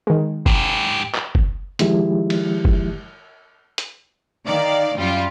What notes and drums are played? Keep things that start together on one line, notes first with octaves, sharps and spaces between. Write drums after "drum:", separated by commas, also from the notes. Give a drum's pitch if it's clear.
D#3 G#3
G#2 G4, drum: kick
drum: clap
drum: kick
D#3 F3 G#3 A#3 E4 G4, drum: hi-hat
drum: cymbal
drum: kick
drum: hi-hat
D#3 D5 F5
F#2 G3 F4